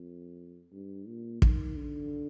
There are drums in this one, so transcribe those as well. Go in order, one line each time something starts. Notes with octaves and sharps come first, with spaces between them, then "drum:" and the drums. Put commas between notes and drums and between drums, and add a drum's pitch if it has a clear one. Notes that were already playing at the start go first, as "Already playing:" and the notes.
Already playing: F2
G2
A#2
D#3, drum: kick
D3